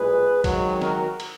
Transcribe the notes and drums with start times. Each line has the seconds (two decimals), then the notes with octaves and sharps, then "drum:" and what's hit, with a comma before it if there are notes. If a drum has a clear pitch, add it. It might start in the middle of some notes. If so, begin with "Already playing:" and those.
Already playing: B1 A#2 G#3 G#4 B4
0.44 G#1 G#2 D#3 F#3, drum: kick, cymbal
0.82 F#4 A#4, drum: snare
1.20 drum: cymbal